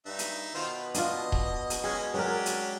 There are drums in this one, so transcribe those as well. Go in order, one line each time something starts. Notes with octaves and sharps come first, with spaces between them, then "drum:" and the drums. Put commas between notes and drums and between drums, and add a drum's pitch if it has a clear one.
G2 D#4 E5
drum: hi-hat
B2 D#3 F4 C5
B4
D4 F4 D#5, drum: hi-hat
drum: kick D#1
drum: hi-hat
G#3 C#4 F#4 G#4
F#3 G#3 C#4 D4 G4 A#4
drum: hi-hat